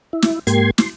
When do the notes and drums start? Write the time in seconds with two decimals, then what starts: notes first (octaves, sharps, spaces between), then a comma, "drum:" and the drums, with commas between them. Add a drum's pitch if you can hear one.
0.13 E4
0.22 drum: snare
0.47 G#2 A#3 G4 C6 G#6, drum: hi-hat
0.78 C6, drum: snare